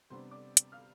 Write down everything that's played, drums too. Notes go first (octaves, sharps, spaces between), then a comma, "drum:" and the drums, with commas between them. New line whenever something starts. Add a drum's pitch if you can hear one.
C3 G3 B3 D4 C5 C6
D5 D6
drum: hi-hat
F5 F6